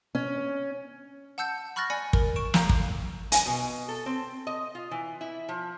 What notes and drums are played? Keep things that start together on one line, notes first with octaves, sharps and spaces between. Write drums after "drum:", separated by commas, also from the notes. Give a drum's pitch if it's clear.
C#4
F#5 A5 E6 G6 C#7
B5 C#6 F6 F#6 A6 A#6
D5 G#5 B5 C#7
A#4, drum: kick
C#6 D7 E7
F5 A#5, drum: snare
drum: kick
G#5, drum: hi-hat
B2
A4
C4
D#5
F4
E3
E4
F3